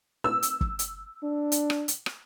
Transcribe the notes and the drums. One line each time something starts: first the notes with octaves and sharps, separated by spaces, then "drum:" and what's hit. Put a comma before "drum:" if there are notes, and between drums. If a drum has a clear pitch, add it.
E6
drum: hi-hat
drum: kick
drum: hi-hat
D4
drum: hi-hat
drum: rim click
drum: hi-hat
drum: rim click